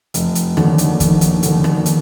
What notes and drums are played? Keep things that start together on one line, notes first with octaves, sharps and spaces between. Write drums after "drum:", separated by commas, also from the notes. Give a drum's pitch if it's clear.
F1, drum: hi-hat
drum: hi-hat
D#2 D3, drum: rim click
drum: hi-hat
F1, drum: kick, hi-hat
drum: hi-hat
D#2 D3, drum: hi-hat
drum: rim click
drum: hi-hat